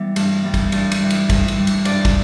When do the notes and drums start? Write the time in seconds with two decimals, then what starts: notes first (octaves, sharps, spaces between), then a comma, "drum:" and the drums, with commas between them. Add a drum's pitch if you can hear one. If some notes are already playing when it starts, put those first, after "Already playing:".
Already playing: E3 G3 B3
0.16 G2, drum: cymbal
0.44 E3 G3 B3
0.54 drum: kick, cymbal
0.72 G2 D5, drum: cymbal
0.92 drum: cymbal
1.01 E3 G3
1.10 drum: cymbal
1.30 G2, drum: kick, cymbal
1.48 drum: cymbal
1.58 E3 G3
1.67 drum: cymbal
1.85 G2 D5, drum: cymbal
2.05 drum: kick, cymbal